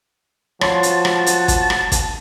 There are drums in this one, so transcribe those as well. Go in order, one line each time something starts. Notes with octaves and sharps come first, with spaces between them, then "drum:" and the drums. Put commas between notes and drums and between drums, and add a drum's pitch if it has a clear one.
F3 F#4 C#5 A5 C6, drum: rim click
drum: hi-hat
drum: rim click
drum: hi-hat
drum: kick, hi-hat
drum: rim click
drum: kick, hi-hat